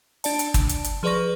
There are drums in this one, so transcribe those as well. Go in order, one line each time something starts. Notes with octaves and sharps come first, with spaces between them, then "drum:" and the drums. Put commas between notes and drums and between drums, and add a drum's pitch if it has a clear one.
D4 D5 A5, drum: open hi-hat
drum: hi-hat
drum: kick G1, hi-hat
drum: hi-hat
drum: hi-hat
F3 G#4 B4 D5 C#6 A#6